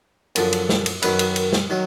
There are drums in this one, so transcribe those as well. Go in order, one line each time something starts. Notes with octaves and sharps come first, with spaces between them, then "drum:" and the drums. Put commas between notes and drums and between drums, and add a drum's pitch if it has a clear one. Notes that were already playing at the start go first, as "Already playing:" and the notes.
F#2 D3 F3, drum: cymbal
drum: cymbal
drum: snare
drum: cymbal
F#2 D#3 F#3 B4, drum: cymbal
drum: cymbal
drum: cymbal
drum: snare
D#3 F#3